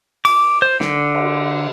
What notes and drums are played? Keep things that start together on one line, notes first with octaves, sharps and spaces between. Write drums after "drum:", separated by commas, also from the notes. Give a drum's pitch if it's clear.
D6, drum: cymbal
C5
D3, drum: snare
drum: cymbal